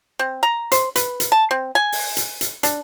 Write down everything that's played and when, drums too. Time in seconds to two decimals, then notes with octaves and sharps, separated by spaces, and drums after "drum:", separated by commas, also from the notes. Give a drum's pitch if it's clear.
0.19 C4
0.43 A#5
0.72 C5, drum: hi-hat
0.96 B4, drum: hi-hat
1.20 drum: hi-hat
1.32 A5
1.51 C4
1.75 G#5
1.92 drum: open hi-hat
2.17 drum: hi-hat
2.41 drum: hi-hat
2.63 D4, drum: hi-hat